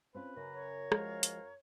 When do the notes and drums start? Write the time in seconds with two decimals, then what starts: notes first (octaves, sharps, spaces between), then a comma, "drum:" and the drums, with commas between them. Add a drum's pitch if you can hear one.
0.15 C4 C#4 F4 B4
0.36 F#2 C#3 A#5
0.54 C#5
0.92 F3 G#3 F5, drum: rim click
1.23 drum: hi-hat